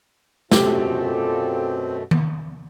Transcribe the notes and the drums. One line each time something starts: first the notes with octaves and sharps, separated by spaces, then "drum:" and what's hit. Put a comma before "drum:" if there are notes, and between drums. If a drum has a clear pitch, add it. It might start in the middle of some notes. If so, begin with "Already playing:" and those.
F#2 B2 A3 C4 F4 G4 A4, drum: snare
drum: tom D#3